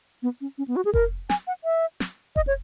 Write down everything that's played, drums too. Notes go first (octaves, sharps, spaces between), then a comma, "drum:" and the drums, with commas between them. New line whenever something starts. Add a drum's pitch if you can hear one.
B3
C#4
C#4
B3
F#4
G#4
A#4, drum: kick F1
G#5, drum: snare
F#5
E5
drum: snare
D#5, drum: kick F1
C#5